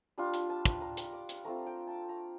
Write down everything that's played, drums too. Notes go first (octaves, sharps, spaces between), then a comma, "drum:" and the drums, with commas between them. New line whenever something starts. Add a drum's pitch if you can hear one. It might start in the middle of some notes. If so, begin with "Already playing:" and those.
G3 D4 F4
drum: hi-hat
A5
drum: kick, hi-hat
A#5
drum: hi-hat
D6
drum: hi-hat
A3 C4 F4 A#5
G5
A5
A#5